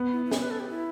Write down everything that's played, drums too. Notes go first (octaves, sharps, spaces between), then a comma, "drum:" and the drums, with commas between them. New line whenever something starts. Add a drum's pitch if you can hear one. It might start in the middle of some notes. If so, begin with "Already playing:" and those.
Already playing: B3
E4
E4
G4, drum: snare
B4
A4
G4
E4